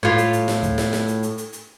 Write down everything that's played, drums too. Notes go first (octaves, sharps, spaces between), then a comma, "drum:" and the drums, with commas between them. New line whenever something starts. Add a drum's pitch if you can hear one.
A2 F4
drum: hi-hat
drum: hi-hat
drum: snare
drum: kick, hi-hat
drum: snare
drum: snare
drum: hi-hat
drum: hi-hat
drum: hi-hat
drum: hi-hat